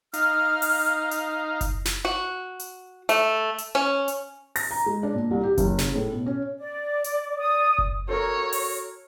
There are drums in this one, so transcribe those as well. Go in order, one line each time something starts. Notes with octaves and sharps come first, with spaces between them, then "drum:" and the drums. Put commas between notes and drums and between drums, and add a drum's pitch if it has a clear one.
D#4 F5 F6, drum: hi-hat
drum: open hi-hat
drum: hi-hat
drum: kick F#1, hi-hat
drum: snare
F#4
drum: hi-hat
A3, drum: hi-hat
drum: hi-hat
C#4
drum: hi-hat
A#6, drum: open hi-hat
A#5
G#3
D4
A#2
C2
G4
F#1, drum: kick F#1, hi-hat
C#3, drum: snare
A2
B2
C#4
D5
drum: hi-hat
D5 D#6
drum: kick F#1
F#4 A4 A#4 C#5
drum: open hi-hat